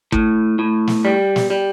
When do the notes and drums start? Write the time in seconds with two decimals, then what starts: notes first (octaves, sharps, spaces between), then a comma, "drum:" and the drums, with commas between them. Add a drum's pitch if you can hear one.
0.12 A2, drum: kick
0.59 A2
0.87 drum: snare
1.05 G3
1.36 drum: snare
1.50 G3